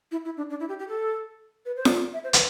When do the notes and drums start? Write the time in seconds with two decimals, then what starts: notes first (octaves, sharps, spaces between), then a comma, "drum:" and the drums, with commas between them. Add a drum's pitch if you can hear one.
0.11 E4
0.25 E4
0.37 D4
0.50 D4
0.60 E4
0.69 G4
0.79 G4
0.88 A4
1.65 B4
1.76 C5
1.85 D5, drum: snare F4
2.13 E5
2.24 C5
2.33 B4, drum: hi-hat